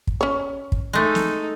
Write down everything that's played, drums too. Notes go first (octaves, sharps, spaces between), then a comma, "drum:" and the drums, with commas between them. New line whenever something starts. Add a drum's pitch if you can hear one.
drum: kick
C#4 C#5
drum: kick
G#3 A3 D#4 A4
drum: snare